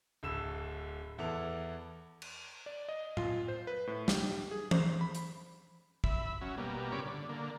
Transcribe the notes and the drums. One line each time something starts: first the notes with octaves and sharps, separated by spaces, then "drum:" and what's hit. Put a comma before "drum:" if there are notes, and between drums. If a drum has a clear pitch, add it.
D1 D2 E6 E7
E2 E4 A4 B4 D6 F7
drum: cymbal
D5
D#5
F4, drum: tom A2
C5
B4
A2
G4, drum: snare
G#4
C5, drum: tom
B5
drum: hi-hat
E5 B5, drum: kick
F#3 C#4
B2 G3 A#3
G2 A#2 C#3 C#5 B5 D6
D3
D3 A#3